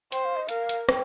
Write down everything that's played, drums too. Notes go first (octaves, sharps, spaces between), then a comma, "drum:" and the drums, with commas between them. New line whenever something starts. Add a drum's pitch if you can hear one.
C5 G5, drum: hi-hat
F5
D#5
A#4 F5, drum: hi-hat
drum: hi-hat
G5, drum: rim click